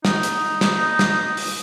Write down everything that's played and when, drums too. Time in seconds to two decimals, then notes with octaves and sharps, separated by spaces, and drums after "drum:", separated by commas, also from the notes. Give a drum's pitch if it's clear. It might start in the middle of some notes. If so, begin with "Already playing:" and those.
0.05 D#4, drum: snare
0.23 drum: hi-hat
0.61 drum: snare
0.99 drum: snare
1.37 drum: open hi-hat